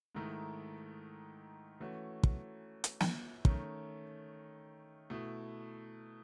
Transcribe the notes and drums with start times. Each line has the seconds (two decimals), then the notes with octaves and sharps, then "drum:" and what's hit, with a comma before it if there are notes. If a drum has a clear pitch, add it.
0.15 G#2 D#3 A3 E4
1.80 E3 A3 C#4 F#4
2.23 drum: kick
2.84 drum: hi-hat
3.00 drum: snare
3.45 D#3 A3 C#4, drum: kick
5.10 B2 A3 E4